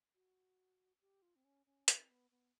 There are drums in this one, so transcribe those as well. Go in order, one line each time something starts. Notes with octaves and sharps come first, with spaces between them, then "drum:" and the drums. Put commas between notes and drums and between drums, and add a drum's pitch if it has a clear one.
F#4
G4
F4
C4
C#4
C#4
C4, drum: hi-hat
B3
B3